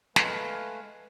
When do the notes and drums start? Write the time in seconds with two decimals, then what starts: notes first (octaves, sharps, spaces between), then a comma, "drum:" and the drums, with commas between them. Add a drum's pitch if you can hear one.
0.16 G#3 A3 B4 F5 G#5, drum: snare